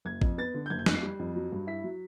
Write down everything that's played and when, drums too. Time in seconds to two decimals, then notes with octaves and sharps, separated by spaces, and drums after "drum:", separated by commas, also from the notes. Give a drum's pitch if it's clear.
0.05 F#1 G#6
0.22 F2, drum: kick
0.38 B3 A6
0.54 D3
0.66 G6
0.70 F#1 G#6
0.79 G6
0.86 F2 F#6, drum: snare
0.95 C7
1.02 G3
1.19 F2
1.36 F#3
1.52 G2
1.67 E4 B6
1.84 F#3